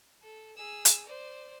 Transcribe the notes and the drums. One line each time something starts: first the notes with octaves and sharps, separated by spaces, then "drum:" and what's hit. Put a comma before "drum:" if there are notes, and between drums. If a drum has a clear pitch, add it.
A4
G#4 E6
drum: hi-hat
C5 D5